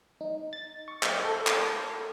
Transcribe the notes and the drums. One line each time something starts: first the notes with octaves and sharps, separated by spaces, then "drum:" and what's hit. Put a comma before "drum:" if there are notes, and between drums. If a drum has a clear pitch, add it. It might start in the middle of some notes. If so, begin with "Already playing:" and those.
D#4
A6
C#6
drum: clap
A4
drum: clap